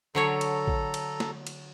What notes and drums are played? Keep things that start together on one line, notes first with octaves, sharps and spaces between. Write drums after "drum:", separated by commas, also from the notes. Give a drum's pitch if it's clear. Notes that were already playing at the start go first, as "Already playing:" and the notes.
D3 F#3 A4 C#5 A#5
drum: cymbal
drum: kick
drum: cymbal
drum: snare
drum: cymbal